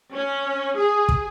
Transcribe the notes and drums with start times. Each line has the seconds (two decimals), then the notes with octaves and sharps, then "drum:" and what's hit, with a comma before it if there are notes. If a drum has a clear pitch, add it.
0.13 C#4
0.77 G#4
1.09 drum: kick